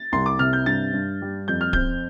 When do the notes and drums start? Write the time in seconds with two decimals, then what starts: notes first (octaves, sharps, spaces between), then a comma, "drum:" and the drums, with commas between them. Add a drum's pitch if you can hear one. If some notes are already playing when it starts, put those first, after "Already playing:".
Already playing: A6
0.12 C2 C6
0.26 D6
0.39 C3 F6
0.53 G6
0.66 G2 A6
0.94 G2
1.22 G3
1.48 F2 G6
1.61 F6
1.73 C4 G6, drum: kick D1